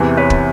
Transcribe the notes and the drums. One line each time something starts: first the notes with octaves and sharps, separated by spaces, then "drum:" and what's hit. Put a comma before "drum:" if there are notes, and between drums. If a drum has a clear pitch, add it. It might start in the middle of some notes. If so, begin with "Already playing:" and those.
Already playing: E2 C3 E3
B4 C#5
drum: kick